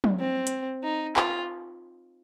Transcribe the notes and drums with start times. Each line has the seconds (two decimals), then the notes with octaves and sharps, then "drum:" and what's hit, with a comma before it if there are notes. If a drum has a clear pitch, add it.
0.04 drum: tom
0.20 C4
0.47 drum: hi-hat
0.84 D#4
1.16 F4, drum: clap